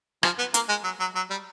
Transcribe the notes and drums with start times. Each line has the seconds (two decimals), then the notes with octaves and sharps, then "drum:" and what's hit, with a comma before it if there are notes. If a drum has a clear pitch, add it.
0.23 F3, drum: rim click
0.38 B3
0.54 A#3, drum: hi-hat
0.69 G#3
0.84 F#3
1.00 F#3
1.15 F#3
1.30 G3